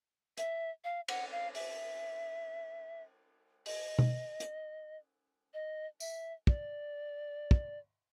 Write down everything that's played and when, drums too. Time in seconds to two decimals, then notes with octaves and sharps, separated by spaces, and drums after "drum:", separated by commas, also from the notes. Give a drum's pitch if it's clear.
0.37 E5, drum: hi-hat
0.84 F5
1.08 F#5, drum: cymbal
1.32 F5
1.55 E5, drum: open hi-hat
3.66 D#5, drum: open hi-hat
3.99 drum: tom B2
4.40 drum: hi-hat
5.54 D#5
6.00 E5, drum: tambourine
6.47 D5, drum: kick
7.51 drum: kick